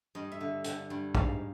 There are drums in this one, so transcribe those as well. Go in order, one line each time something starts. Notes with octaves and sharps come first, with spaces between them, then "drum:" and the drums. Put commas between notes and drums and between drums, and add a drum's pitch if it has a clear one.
G2 D#5
E5
D3
D3, drum: hi-hat
G2
G#2 F5, drum: kick